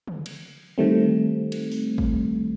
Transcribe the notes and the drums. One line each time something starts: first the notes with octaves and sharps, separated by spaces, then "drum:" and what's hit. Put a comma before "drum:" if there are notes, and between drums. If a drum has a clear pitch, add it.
drum: tom
drum: cymbal
D#3 G3 A3 C4
drum: cymbal
drum: open hi-hat
drum: kick